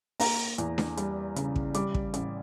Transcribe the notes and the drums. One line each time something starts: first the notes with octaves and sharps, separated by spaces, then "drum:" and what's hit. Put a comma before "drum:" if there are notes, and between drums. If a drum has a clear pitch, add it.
A#3 A#5, drum: open hi-hat
E2, drum: hi-hat
drum: snare D4
G3, drum: hi-hat
C#3, drum: hi-hat
drum: kick
G3 D6, drum: hi-hat
drum: kick
A1, drum: hi-hat